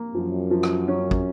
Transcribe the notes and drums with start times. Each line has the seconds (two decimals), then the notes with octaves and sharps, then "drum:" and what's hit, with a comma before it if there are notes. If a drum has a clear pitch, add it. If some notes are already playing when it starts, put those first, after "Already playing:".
Already playing: A#3
0.15 F#2 F3
0.51 F3
0.63 drum: rim click
0.88 C#4
1.11 drum: kick